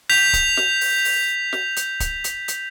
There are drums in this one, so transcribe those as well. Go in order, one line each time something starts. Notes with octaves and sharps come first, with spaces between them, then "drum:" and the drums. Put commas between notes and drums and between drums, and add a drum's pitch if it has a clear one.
G6 B6 F7
drum: kick, hi-hat
drum: snare
drum: open hi-hat
drum: open hi-hat
drum: snare
drum: hi-hat
drum: kick, hi-hat
drum: hi-hat
drum: hi-hat